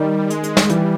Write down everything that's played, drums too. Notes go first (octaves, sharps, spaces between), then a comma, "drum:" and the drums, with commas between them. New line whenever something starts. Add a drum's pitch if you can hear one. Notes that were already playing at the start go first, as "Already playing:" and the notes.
Already playing: D#3 G3
G#3, drum: hi-hat
drum: hi-hat
drum: snare
E3 G3, drum: hi-hat